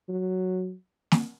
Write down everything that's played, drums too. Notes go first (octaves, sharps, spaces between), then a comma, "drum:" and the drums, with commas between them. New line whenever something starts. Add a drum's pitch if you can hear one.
F#3
drum: snare